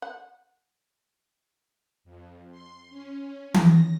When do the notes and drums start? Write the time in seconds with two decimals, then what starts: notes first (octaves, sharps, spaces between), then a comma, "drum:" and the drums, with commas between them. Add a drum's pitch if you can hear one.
0.02 F#5
2.04 F2
2.51 C6
2.90 C#4
3.54 A#6, drum: tom E3